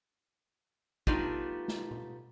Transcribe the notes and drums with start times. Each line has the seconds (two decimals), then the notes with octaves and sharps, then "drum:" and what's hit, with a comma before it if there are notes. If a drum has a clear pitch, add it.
1.07 G3 A3 B3 D4 D#4 F4, drum: kick
1.68 drum: snare
1.91 drum: tom A#2